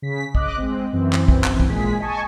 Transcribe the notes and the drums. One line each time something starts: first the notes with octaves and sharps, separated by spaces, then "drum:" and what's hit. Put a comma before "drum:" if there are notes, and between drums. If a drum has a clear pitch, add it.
C#3 B6
D#5 D6 F#6, drum: kick
G#3 C4
F#2 E3 C4
drum: clap
drum: kick
drum: clap
drum: kick
A#2 G#3 G#4 B6
D#5 G#5 A5 C#6